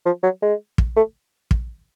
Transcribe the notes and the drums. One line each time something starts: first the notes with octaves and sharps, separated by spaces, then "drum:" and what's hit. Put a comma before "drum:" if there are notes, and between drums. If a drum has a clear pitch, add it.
F3
F#3
G#3
drum: kick
A3
drum: kick